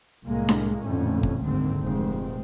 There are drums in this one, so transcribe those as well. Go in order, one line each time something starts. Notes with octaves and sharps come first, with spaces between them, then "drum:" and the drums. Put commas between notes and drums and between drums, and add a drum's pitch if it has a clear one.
C2 A2 G#3 A#3
drum: snare D4
A1 F2 A#2 D3 A3 C#4
drum: kick G1
F#1 D2 G#2 D3 D#3 C4
F1 F2 A#2 G#3 C4